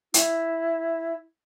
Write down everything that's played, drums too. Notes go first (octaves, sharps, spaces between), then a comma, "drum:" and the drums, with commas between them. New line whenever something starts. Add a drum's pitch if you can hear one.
E4, drum: hi-hat